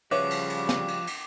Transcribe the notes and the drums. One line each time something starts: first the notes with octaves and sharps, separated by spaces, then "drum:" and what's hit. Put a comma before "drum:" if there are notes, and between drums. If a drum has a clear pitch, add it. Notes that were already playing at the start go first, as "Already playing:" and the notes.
C#3 F3 G3 F#4 B4 C#5 E5 D6, drum: cymbal
drum: cymbal
drum: cymbal
drum: snare
drum: cymbal
drum: cymbal